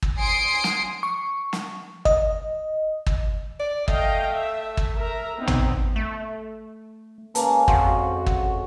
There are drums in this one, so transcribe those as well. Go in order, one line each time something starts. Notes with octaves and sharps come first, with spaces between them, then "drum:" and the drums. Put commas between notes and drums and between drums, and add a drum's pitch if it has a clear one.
drum: kick
G#5 C6 D#6 C7 D7
drum: snare
C#6
drum: snare
D#5, drum: kick
drum: kick
D5
A3 D#5 F5 G5, drum: kick
E5
drum: kick
A#4 E5 A#5
B3 C4 D#4
drum: tom A1
A3
C#3 G#3 A#3 B4 A5, drum: hi-hat
F2 F#4 F5 C6, drum: kick
drum: kick